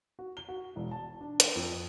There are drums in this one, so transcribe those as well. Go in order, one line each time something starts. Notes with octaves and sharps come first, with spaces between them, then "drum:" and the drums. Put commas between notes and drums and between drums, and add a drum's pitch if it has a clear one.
F#4
G7
F#4
E1
A5
D4
drum: hi-hat
F2